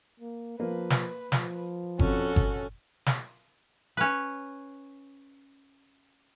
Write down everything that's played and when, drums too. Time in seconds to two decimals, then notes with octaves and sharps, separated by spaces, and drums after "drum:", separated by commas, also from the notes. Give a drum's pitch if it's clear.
0.20 A#3
0.60 F3 A#3 B4
0.90 drum: snare
1.32 F3, drum: snare
1.99 F2 C#4 F#4 A4, drum: kick G1
2.36 drum: kick G1
3.06 drum: snare
3.97 C#4 B4